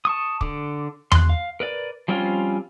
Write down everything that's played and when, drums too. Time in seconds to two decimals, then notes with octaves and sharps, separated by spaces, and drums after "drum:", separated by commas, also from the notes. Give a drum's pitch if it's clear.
0.05 A5 C#6 D#6
0.41 D3 D6, drum: kick
1.12 C6 F#6, drum: tom E2
1.29 F5
1.60 A#4 B4 D5
2.08 F3 G3 C4 C#4 F4